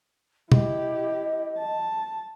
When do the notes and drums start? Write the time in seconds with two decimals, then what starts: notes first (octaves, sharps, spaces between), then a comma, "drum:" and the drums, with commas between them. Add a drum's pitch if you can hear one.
0.52 E4 G4 D#5, drum: tom B2
1.58 A5